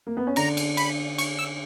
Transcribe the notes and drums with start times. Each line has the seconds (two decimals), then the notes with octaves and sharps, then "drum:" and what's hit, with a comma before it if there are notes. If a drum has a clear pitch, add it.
0.07 A#3
0.17 B3
0.27 C#4
0.36 D3 D4 A#5, drum: cymbal
0.57 drum: cymbal
0.77 B5, drum: cymbal
1.18 C#6, drum: cymbal
1.39 E6